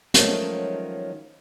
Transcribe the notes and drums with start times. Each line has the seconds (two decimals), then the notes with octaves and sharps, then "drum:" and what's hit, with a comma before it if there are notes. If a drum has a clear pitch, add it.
0.14 D#3 F3 F#3 G#3 A3 C#4, drum: hi-hat